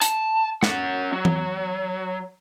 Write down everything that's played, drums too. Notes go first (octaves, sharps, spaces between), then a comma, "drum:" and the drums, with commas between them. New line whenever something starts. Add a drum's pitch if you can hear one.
A5, drum: hi-hat
C#4 F#5, drum: snare
F#3
drum: tom E3